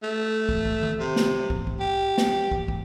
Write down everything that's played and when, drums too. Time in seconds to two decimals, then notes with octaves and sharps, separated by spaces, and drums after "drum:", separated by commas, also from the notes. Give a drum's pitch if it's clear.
0.03 A3
0.49 drum: kick
0.66 drum: kick
0.82 drum: tom D#3
0.99 C3
1.16 drum: snare
1.50 drum: kick
1.67 drum: kick
1.80 G4
2.18 drum: snare
2.51 drum: kick
2.68 drum: kick